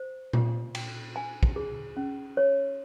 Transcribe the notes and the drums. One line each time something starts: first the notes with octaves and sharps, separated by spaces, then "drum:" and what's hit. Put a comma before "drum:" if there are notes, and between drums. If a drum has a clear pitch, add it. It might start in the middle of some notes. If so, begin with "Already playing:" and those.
Already playing: C5
F4, drum: tom A#2
G5, drum: cymbal
G#5
drum: kick
G#4
C#4
C#5